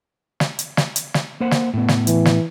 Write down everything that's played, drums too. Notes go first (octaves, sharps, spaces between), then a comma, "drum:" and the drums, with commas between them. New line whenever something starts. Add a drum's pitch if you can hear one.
drum: snare
drum: hi-hat
drum: snare
drum: hi-hat
drum: snare
A#3 C5 F#5
drum: snare
A2 B3
drum: snare
E3, drum: hi-hat
drum: snare